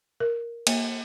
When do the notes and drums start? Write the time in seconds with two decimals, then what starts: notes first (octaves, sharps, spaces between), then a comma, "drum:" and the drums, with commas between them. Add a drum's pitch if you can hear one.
0.20 A#4
0.67 A#3, drum: cymbal